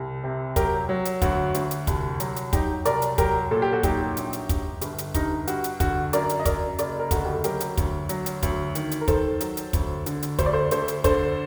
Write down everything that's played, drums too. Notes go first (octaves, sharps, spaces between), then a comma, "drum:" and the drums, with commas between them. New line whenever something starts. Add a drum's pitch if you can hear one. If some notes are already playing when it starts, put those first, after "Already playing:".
Already playing: C2
C3
F#3 G4 A#4, drum: kick, hi-hat
F#3
drum: hi-hat
D2 F#4, drum: kick, hi-hat
D2, drum: hi-hat
drum: hi-hat
C2, drum: kick, hi-hat
F#3, drum: hi-hat
drum: hi-hat
F#3 D#4 G4, drum: kick, hi-hat
C2 A#4 D5, drum: hi-hat
drum: hi-hat
F#3 G4 A#4, drum: kick, hi-hat
A#2 A4
G4
F#4 A4
F#3 D#4 G4, drum: kick, hi-hat
A#1, drum: hi-hat
drum: hi-hat
G2, drum: kick, hi-hat
G1, drum: hi-hat
drum: hi-hat
G2 D#4, drum: kick, hi-hat
G2 F#4, drum: hi-hat
drum: hi-hat
D3 F#4, drum: kick, hi-hat
F#2 A#4 D5, drum: hi-hat
drum: hi-hat
D#5
F#2 A#4 D5, drum: kick, hi-hat
F#1 A#4 D5, drum: hi-hat
A#4
D2 F#4 A4, drum: kick, hi-hat
G4
A4
F#3 G4 A#4, drum: hi-hat
drum: hi-hat
D2, drum: kick, hi-hat
F#3, drum: hi-hat
drum: hi-hat
D2, drum: kick, hi-hat
D#3, drum: hi-hat
drum: hi-hat
A#4
D#3 A4 C5, drum: kick, hi-hat
F#3, drum: hi-hat
drum: hi-hat
D2, drum: kick, hi-hat
D3, drum: hi-hat
drum: hi-hat
D2 C5, drum: kick, hi-hat
D5
A4 C5
D2 A4 C5, drum: hi-hat
drum: hi-hat
D3 A4 C5, drum: kick, hi-hat